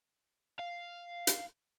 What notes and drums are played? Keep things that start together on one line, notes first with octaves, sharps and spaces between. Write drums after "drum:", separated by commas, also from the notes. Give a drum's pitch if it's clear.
F5
drum: hi-hat